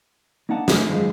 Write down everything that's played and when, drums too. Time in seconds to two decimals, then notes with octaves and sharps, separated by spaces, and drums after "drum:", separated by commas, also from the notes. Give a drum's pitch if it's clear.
0.49 A#3 D4 D#4 F#5 A5
0.68 A3, drum: snare
0.88 F#2 D#3 F3 G#3